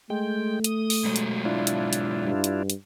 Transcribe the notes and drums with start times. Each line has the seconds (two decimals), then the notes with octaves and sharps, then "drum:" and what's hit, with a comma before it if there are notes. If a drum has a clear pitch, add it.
0.10 G#3 A3 G5
0.64 D#6, drum: hi-hat
0.90 drum: open hi-hat
1.05 B2 F#3 G#3
1.16 drum: hi-hat
1.45 D4 E4 F4
1.67 drum: hi-hat
1.93 drum: hi-hat
2.25 G2
2.44 drum: hi-hat
2.70 drum: hi-hat